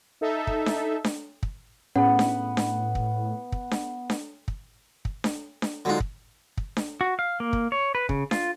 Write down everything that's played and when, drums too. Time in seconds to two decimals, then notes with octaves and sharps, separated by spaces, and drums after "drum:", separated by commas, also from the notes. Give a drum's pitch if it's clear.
0.21 D#4 A4 E5
0.47 drum: kick
0.66 drum: snare D4
1.04 drum: snare D4
1.43 drum: kick
1.96 A2 B3 C#4 G#4 F#5
2.19 drum: snare D4
2.57 drum: snare D4
2.95 drum: kick
3.52 drum: kick
3.71 drum: snare D4
4.10 drum: snare D4
4.48 drum: kick
5.05 drum: kick
5.24 drum: snare D4
5.62 drum: snare D4
5.85 D3 F#3 G#3 D#4 F4
6.00 drum: kick
6.57 drum: kick
6.77 drum: snare D4
7.01 F#4
7.19 F5
7.40 A#3
7.53 drum: kick
7.72 C#5
7.95 B4
8.09 C#3, drum: kick
8.31 F4, drum: snare D4